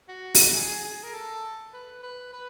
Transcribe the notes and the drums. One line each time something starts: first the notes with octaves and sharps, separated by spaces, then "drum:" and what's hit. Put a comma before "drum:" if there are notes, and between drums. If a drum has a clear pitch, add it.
F#4
drum: open hi-hat
G#4
G#4
A#4
A4
B4
B4
B4